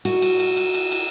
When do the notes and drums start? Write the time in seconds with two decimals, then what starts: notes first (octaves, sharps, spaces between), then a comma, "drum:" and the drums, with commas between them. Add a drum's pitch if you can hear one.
0.05 F#4, drum: cymbal
0.22 drum: cymbal
0.40 drum: cymbal
0.57 drum: cymbal
0.74 drum: cymbal
0.92 drum: cymbal